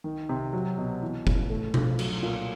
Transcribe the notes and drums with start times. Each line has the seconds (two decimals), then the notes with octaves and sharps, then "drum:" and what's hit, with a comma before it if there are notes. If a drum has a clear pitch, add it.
0.04 D#3
0.29 C3
0.53 F#3
0.78 B2
1.02 E3
1.27 C#3, drum: kick
1.50 A3
1.74 F3, drum: tom B2
1.99 F#3, drum: cymbal
2.23 A#2